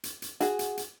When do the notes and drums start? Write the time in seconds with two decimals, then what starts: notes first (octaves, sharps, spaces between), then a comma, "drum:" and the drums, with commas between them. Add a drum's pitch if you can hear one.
0.03 drum: hi-hat
0.22 drum: hi-hat
0.40 F#4 G#4, drum: hi-hat
0.59 drum: hi-hat
0.77 drum: hi-hat